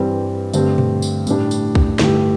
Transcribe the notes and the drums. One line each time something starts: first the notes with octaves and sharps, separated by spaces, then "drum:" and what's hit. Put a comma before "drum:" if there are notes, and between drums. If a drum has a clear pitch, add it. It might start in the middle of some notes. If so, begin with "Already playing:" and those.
Already playing: G2 E3 G3 C4
G2 D3 A3 C4 G4, drum: tambourine
drum: tom A#2
drum: tambourine
A2 G3 D4, drum: tambourine
drum: tambourine
drum: kick
G2 D3 A3 E4 G4, drum: snare